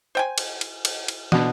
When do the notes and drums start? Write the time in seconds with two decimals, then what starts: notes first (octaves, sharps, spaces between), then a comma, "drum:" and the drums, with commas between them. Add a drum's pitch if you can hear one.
0.15 C5 G5 G#5
0.38 drum: cymbal
0.61 drum: cymbal
0.85 drum: cymbal
1.08 drum: cymbal
1.32 B2 D4, drum: snare